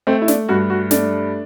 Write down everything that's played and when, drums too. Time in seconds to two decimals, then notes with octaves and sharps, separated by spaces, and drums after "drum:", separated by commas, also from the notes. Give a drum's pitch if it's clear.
0.07 A3 C4
0.22 E4
0.28 D4, drum: snare
0.49 G2 F#4
0.70 F#4
0.91 A3 D4, drum: snare